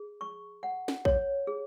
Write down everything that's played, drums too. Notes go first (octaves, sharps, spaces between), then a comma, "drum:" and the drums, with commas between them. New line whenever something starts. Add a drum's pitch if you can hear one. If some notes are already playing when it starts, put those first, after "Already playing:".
Already playing: G#4
C#6
F#5
drum: snare
C#5, drum: kick A#1
G#4